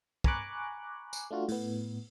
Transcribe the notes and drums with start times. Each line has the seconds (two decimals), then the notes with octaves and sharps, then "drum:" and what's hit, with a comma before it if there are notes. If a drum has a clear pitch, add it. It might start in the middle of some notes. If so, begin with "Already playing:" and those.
0.24 G#5 A#5 B5 C#6 D6 F#6, drum: kick
1.13 drum: tambourine
1.30 A3 D4 F4 F#4
1.48 A2 B3, drum: open hi-hat